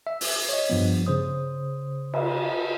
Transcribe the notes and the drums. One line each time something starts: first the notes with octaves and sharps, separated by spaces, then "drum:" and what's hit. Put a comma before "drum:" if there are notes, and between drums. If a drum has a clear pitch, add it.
E5
drum: open hi-hat
C#5 D#5
G2 F3 B3
C#3 C5 D#6
drum: cymbal